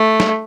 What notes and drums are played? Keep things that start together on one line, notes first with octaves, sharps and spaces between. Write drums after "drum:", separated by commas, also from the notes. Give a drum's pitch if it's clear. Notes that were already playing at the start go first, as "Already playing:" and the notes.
Already playing: A3
drum: snare